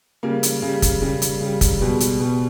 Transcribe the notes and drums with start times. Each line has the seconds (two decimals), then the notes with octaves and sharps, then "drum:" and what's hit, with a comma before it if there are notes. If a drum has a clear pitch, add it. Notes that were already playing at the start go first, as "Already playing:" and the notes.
0.23 C#3 G3 A#3
0.43 drum: hi-hat
0.62 C#3
0.67 G3
0.82 drum: kick, hi-hat
1.02 C#3 G3
1.22 drum: hi-hat
1.41 C#3 G3
1.61 drum: kick, hi-hat
1.81 B2 G3 G#3
2.00 drum: hi-hat
2.20 B2 G3